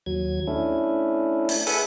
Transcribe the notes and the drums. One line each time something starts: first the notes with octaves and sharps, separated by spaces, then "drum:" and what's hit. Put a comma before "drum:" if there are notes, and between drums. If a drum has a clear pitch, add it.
D#2 F#3 G#6
A3 C#4 D4 E4
drum: open hi-hat
G#4 A4 B4 E5 F#5 G#5, drum: open hi-hat